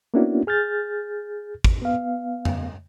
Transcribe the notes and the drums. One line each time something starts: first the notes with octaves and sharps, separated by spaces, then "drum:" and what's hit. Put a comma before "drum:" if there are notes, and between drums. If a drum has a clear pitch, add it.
A#3 B3 C#4 D4 E4 F#4
G#4 F6 G6 A6
drum: kick
B3 F5
drum: tom F2